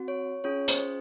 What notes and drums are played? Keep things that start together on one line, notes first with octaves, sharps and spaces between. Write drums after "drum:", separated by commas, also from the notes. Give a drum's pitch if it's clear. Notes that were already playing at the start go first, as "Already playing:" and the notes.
Already playing: C4 F#4
C#5
C#4 F4 G#4 C#5
C5 D#5, drum: hi-hat